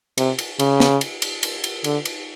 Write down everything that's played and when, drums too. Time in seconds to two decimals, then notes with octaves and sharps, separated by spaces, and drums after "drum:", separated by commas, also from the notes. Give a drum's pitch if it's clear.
0.18 C3, drum: cymbal
0.39 drum: cymbal
0.59 C#3, drum: cymbal
0.80 drum: snare
1.01 drum: cymbal
1.22 drum: cymbal
1.43 drum: cymbal
1.64 drum: cymbal
1.84 D3, drum: cymbal
2.05 drum: cymbal